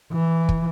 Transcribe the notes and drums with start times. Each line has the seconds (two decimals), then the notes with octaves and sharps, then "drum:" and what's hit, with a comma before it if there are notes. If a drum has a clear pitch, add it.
0.12 E3
0.49 drum: kick